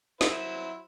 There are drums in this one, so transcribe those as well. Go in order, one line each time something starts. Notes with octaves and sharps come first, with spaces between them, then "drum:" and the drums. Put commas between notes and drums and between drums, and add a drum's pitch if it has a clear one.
F#3 E4 C5, drum: snare